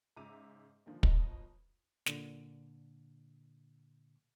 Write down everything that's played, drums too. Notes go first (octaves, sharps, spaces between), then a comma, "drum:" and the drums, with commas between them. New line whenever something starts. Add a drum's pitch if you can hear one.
G#2 C#3 E5 A#5 D6 D#7
A#2 D3 D#3 F3
G1 B2 F3 D#5, drum: kick
A#2 D3, drum: snare